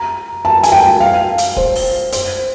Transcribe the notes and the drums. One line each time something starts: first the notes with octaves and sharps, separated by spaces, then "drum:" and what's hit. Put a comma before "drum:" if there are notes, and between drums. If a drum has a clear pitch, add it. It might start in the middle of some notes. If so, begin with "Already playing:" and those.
Already playing: A#5
A5
G#5, drum: hi-hat
G5
F5
drum: hi-hat
C5, drum: kick
drum: open hi-hat
C5, drum: hi-hat